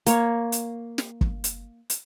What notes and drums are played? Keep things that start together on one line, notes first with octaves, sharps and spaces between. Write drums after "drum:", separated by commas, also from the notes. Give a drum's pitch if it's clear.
A#3 C#5, drum: hi-hat
drum: hi-hat
drum: snare
drum: kick
drum: hi-hat
drum: hi-hat